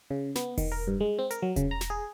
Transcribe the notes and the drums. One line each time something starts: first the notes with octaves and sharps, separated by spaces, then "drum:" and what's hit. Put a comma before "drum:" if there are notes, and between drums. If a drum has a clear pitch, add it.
C#3
B3, drum: snare
D#3, drum: kick E1, open hi-hat
A#4
G2
G#3
C4
A#4, drum: hi-hat
F#3
C#3, drum: kick E1, hi-hat
A#5
drum: snare
G#4